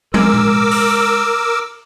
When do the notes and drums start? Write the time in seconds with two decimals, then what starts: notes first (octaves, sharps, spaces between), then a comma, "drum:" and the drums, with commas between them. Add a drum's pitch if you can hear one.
0.14 G#3 A#4 D6 E6, drum: tom
0.34 drum: tom A2
0.71 drum: open hi-hat